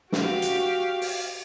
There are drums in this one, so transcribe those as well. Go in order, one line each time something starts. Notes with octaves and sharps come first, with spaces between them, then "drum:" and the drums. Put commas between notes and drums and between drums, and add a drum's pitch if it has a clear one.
F#4 G4 F5, drum: snare
drum: hi-hat
drum: open hi-hat